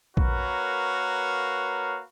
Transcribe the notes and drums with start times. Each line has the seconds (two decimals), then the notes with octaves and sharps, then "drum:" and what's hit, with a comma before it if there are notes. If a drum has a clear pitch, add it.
0.17 A#3 F#4 A#4 B4 C#5 F5, drum: kick A#1